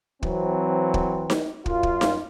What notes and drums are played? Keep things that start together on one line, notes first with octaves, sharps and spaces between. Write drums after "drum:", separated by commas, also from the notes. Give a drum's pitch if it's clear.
E3 F#3 C4, drum: kick
drum: kick
drum: snare D#4
F#2 F4, drum: kick
drum: kick
drum: snare D#4